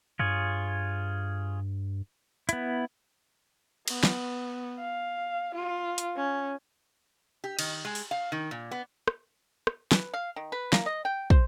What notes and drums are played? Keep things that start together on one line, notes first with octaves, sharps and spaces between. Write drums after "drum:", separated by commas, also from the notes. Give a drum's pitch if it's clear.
G2 F4 G#4 C#5
B3 E4, drum: hi-hat
B3, drum: cymbal
drum: snare
F5
F4
drum: hi-hat
C#4
G4
D#3, drum: cymbal
G#3
drum: open hi-hat
F5
D#3
A#2
B3
drum: rim click
drum: rim click
B4, drum: snare
F5
D#3
B4
A#3, drum: snare
D#5
G5
C5, drum: kick